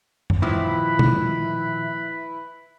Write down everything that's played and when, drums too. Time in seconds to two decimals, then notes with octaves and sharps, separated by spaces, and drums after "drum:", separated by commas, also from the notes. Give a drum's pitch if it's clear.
0.30 drum: tom F#2
0.42 A#2 D#3 F3 E4 B4
0.99 drum: tom